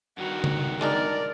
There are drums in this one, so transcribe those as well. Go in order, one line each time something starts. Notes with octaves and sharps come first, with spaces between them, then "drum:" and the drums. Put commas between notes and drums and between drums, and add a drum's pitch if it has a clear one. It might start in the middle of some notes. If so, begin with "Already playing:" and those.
G2 D#3 F#4
drum: tom C#3
G#3 D4 D#4 A#4 D5